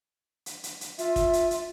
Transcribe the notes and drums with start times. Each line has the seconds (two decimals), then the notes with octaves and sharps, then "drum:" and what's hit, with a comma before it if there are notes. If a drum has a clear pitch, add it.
0.46 drum: hi-hat
0.63 drum: hi-hat
0.81 drum: hi-hat
0.98 F4 E5, drum: hi-hat
1.16 drum: kick, hi-hat
1.33 drum: hi-hat
1.51 drum: hi-hat